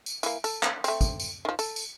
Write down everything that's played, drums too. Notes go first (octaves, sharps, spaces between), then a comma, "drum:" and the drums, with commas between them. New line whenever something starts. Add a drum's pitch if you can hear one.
drum: tambourine
E3 A#3, drum: tambourine
A4, drum: tambourine
drum: clap
A3 C4, drum: tambourine
drum: kick, tambourine
drum: tambourine
D#3 F3
A4, drum: tambourine
drum: tambourine